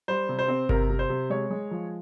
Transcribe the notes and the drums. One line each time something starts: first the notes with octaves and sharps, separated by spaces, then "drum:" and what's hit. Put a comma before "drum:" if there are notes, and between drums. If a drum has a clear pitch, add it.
G3 C5
C3
C5
C4
C3 A#4, drum: kick G1
C3
C5
C3
G#3 C#5
G#3
F3